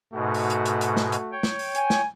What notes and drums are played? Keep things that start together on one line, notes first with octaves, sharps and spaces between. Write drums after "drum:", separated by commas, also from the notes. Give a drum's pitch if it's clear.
G#2 B2 A3 F#4
drum: open hi-hat
drum: hi-hat
drum: hi-hat
drum: hi-hat
drum: snare
drum: hi-hat
C#5 G5
drum: snare
drum: open hi-hat
G#5, drum: hi-hat
drum: snare